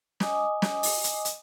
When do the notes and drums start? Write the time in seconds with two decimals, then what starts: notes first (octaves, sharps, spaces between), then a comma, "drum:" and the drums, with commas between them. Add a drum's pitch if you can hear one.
0.20 D#5 G#5 D6 D#6, drum: snare
0.62 drum: snare
0.83 drum: open hi-hat
1.04 drum: hi-hat
1.25 drum: hi-hat